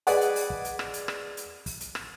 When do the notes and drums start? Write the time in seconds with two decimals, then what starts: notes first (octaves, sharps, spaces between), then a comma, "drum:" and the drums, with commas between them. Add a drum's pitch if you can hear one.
0.07 G#4 B4 D5 D#5 F#5, drum: open hi-hat
0.21 drum: hi-hat
0.36 drum: open hi-hat
0.50 drum: kick
0.65 drum: hi-hat
0.79 drum: rim click
0.94 drum: hi-hat
1.08 drum: rim click
1.37 drum: hi-hat
1.66 drum: kick, open hi-hat
1.80 drum: hi-hat
1.95 drum: rim click